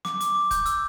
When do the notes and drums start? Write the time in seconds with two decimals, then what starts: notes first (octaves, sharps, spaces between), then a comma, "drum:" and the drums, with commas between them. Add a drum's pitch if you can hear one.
0.05 D6, drum: snare
0.21 D6, drum: hi-hat
0.35 D6
0.51 G6, drum: kick E1, hi-hat
0.66 E6, drum: hi-hat